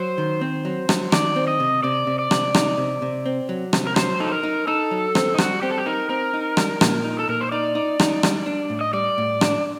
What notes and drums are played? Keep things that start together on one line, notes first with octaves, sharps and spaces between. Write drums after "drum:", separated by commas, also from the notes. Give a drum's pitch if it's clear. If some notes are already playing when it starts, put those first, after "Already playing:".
Already playing: F#3 C5
D#3
C4
F#3
F#3, drum: rim click
D#3 D5, drum: rim click
C4
D#5
C3
C3 D5
C3
D5
C3, drum: rim click
D#4, drum: rim click
C3
C3
C4
F#3
C3, drum: rim click
A#4
F#3 C5, drum: rim click
D#4 A4
A#4
D#4
D#4 A4
F#3
C4, drum: rim click
D#4
G3 F#4, drum: rim click
C4 G4
A4
G4
D#4 A#4
C4 A#4
D#4
G3, drum: rim click
A#2, drum: rim click
D#4
A4
A#2 A#4
C5
D#4 D5
D#4
D#4, drum: rim click
G3, drum: rim click
D4
A2
D#5
G3 D5
A2
D4, drum: rim click